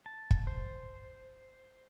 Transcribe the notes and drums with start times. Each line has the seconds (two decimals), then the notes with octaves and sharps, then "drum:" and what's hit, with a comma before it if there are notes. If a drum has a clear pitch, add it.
0.06 A5
0.31 drum: kick
0.47 C5